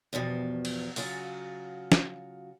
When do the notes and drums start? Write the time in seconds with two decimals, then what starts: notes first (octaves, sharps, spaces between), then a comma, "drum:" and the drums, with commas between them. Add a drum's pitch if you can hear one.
0.13 E2 G2 B2 F3
0.65 drum: cymbal
0.96 C#3 F#3 F4 F#4, drum: open hi-hat
1.92 drum: snare